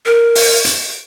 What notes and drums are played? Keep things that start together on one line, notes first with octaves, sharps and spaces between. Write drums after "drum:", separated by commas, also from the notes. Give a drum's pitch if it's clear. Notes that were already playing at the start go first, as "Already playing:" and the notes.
A#4
drum: open hi-hat
drum: hi-hat